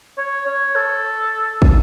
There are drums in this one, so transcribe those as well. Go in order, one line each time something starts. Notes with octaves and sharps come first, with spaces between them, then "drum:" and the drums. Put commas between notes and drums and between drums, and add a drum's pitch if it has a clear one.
C#5
C#5
A4
drum: kick